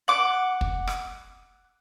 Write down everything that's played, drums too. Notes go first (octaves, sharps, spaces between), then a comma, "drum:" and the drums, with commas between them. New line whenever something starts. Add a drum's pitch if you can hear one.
F#5 D6
drum: kick
drum: rim click